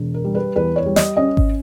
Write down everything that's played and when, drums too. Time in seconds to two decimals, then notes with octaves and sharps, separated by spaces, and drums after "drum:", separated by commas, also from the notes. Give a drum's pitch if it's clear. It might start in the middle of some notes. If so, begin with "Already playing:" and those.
Already playing: E1
0.14 A#4
0.24 G3
0.35 B4
0.56 E2 B4
0.76 C#5
0.86 G3
0.96 D#5, drum: snare
1.17 C#4 D#5
1.37 drum: kick G#1